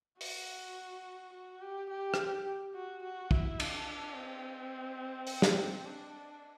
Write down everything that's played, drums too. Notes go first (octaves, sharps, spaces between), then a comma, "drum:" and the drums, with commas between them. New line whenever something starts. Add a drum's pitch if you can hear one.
F#4, drum: open hi-hat
F#4
G4
G4
drum: rim click
F#4
F#4
E4, drum: kick
D4, drum: cymbal
C4
drum: open hi-hat
drum: snare
D4